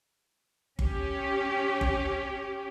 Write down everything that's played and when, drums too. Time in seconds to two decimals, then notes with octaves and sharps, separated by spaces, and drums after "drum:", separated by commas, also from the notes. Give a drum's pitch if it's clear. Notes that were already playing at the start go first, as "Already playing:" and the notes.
0.79 C#4 G4, drum: kick G1
1.81 drum: kick G1